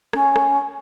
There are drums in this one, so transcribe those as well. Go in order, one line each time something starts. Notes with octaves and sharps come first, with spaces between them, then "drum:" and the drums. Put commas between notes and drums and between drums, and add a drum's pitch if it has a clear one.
C#4, drum: rim click
drum: rim click